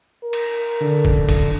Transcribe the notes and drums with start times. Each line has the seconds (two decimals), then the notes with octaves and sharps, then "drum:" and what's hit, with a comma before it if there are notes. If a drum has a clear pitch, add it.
0.24 A#4
0.33 drum: cymbal
0.81 D3
1.05 drum: kick
1.29 drum: kick, cymbal